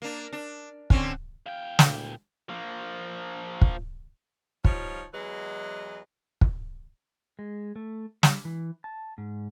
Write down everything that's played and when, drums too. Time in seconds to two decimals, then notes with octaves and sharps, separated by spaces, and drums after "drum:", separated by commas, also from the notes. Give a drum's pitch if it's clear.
0.02 A#3 D4
0.33 D4
0.90 D3 C4 C#4, drum: kick
1.46 E2 F5 G5
1.79 D2 A#2, drum: snare
2.49 F3 A#3
3.61 drum: kick
4.65 F3 G3 D#4 F4 C#5, drum: kick
5.13 E2 E3 F#3 G#3 B4 D#5
6.41 drum: kick
7.39 G#3
7.76 A3
8.23 G3, drum: snare
8.45 E3
8.84 A5
9.18 G#2